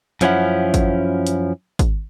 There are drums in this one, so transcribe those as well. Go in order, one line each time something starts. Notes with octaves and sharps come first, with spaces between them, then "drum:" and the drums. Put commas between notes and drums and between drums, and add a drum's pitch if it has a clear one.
F#2 F3 C#4 E4 F#5, drum: hi-hat
drum: kick G#1, hi-hat
drum: hi-hat
drum: kick G#1, hi-hat